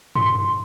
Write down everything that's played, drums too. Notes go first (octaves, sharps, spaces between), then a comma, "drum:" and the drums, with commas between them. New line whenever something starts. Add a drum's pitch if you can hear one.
C6, drum: tom G2